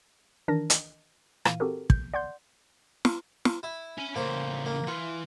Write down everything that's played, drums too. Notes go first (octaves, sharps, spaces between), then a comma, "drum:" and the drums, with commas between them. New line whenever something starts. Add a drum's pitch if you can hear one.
D#3 E3 D4 A#4 A5 A#6
D#5, drum: hi-hat
A#2 E3 F5 D#7, drum: rim click
C4 F#4 G4 A4 A#4
G6, drum: kick
D5 F#5 C6 G6
drum: snare
drum: snare
E4
C#4 G#5
A2 C#3 A#3 C5
A#3
E3 F4